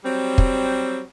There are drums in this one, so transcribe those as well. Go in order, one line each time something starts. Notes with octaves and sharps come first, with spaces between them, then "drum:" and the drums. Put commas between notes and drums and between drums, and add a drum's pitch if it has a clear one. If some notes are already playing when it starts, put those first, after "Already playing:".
F#3 G3 C4
drum: kick